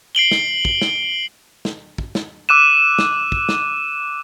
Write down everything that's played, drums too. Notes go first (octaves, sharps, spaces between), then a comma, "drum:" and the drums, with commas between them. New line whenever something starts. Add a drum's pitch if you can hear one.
C7 D7 F#7 G7
drum: snare
drum: kick
drum: snare
drum: snare
drum: kick
drum: snare
D6 E6 F#6 D#7 E7
drum: snare
drum: kick
drum: snare